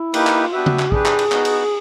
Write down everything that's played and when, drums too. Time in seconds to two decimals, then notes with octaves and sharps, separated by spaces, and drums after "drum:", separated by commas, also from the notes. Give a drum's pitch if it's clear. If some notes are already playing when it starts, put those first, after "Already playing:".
Already playing: E4
0.14 A#3 D#4 G4 B4, drum: cymbal
0.27 drum: clap
0.44 F4
0.53 B3 D4 F#4 G4 B4 E5
0.66 drum: tom C#3
0.79 drum: clap
0.92 D4 G4 G#4 B4, drum: kick
1.06 drum: clap
1.19 drum: cymbal
1.32 B3 D#4 F#4, drum: clap
1.45 drum: cymbal